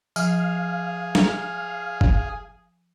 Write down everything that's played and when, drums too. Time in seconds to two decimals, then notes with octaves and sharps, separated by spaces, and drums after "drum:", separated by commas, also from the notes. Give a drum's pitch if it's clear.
0.16 F3 G#4 F5, drum: tambourine
1.15 drum: snare
2.01 drum: kick